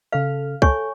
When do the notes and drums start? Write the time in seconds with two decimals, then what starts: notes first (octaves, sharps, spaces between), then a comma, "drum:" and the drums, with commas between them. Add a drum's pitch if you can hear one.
0.12 C#3 A4 F5 F6
0.62 A4 C#5 G#5 C#6, drum: kick C2